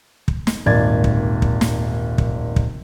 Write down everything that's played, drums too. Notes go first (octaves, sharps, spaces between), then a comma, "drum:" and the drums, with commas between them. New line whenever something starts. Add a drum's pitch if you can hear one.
drum: kick
drum: snare
D#1 G#1 D5 G#6 A6
drum: kick
drum: kick
drum: snare
drum: kick
drum: kick